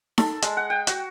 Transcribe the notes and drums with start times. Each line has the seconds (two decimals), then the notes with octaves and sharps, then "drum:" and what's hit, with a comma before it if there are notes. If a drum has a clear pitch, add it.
0.18 A4, drum: snare D#4
0.42 G#3, drum: hi-hat
0.57 F#5
0.70 G5
0.87 F#4, drum: hi-hat